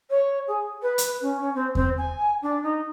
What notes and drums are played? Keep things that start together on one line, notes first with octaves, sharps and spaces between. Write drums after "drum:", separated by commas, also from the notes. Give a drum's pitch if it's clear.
C#5
G#4
B4
drum: hi-hat
C#4
C#4
C4
C4, drum: kick E2
G#5
D4
D#4